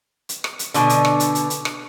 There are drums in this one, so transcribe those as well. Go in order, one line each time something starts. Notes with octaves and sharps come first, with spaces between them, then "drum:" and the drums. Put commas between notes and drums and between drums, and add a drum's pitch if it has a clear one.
drum: hi-hat
drum: rim click
drum: hi-hat
B2 D3, drum: hi-hat
drum: hi-hat
drum: rim click
drum: hi-hat
drum: hi-hat
drum: hi-hat
drum: rim click